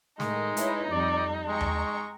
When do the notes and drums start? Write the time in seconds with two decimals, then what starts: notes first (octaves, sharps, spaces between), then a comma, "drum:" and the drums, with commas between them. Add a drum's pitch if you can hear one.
0.20 A2 D#3 G#3 D#4, drum: snare
0.57 E4 B4 C#5, drum: hi-hat
0.91 F2 G3 D5
1.48 G#3 G5 A#5 C#6
1.61 drum: tom D#2